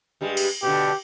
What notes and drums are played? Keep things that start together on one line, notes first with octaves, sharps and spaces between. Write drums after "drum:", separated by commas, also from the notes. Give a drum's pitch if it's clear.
G2 G3 G#3
drum: cymbal
B2 D3 G4